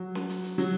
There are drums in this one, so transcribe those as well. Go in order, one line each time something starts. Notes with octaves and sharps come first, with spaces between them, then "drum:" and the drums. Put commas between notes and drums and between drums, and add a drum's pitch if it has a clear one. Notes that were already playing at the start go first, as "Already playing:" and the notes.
Already playing: F#3
drum: snare C#4
drum: hi-hat
drum: hi-hat
F#3, drum: hi-hat